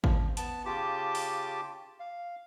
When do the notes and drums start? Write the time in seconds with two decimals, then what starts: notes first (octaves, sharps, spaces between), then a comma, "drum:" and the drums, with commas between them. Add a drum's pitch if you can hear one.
0.04 F3, drum: kick
0.37 B3 A5, drum: hi-hat
0.66 C#3 F4 G4 A5 D6
1.15 drum: open hi-hat
2.00 F5